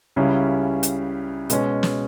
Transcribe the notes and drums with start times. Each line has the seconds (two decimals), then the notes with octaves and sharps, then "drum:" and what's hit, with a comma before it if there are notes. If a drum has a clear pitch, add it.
0.16 C#2 C#3 G3 C#4 E4
0.83 drum: hi-hat
1.50 B2 G#3 C#4, drum: hi-hat
1.83 drum: snare